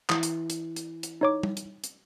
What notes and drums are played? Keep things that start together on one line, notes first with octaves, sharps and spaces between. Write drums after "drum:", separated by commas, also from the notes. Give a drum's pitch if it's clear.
E3 D#6, drum: clap
drum: hi-hat
drum: hi-hat
drum: hi-hat
drum: hi-hat
D#4 C#5 D6
drum: tom G3
drum: hi-hat
drum: hi-hat